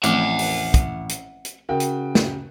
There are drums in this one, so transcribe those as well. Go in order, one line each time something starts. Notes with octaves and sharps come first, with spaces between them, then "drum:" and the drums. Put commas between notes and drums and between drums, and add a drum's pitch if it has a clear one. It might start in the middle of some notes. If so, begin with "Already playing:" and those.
A1 F3 A3 C4 E5 F#5 D6, drum: hi-hat
drum: open hi-hat
drum: kick, hi-hat
drum: hi-hat
drum: hi-hat
C#3 F#4 A#4 G5
drum: hi-hat
drum: snare